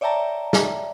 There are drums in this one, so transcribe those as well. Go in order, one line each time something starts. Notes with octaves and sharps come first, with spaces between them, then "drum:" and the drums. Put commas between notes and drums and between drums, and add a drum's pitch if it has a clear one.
C#5 D5 E5 G5 A5 A#5
drum: snare